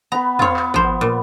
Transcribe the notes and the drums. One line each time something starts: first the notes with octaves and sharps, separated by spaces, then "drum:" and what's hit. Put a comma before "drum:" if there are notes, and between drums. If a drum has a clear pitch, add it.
B3 A#5 B5
B3 F4 C#5 F5, drum: tom E2
drum: clap
F3 C5, drum: kick G#1
A#2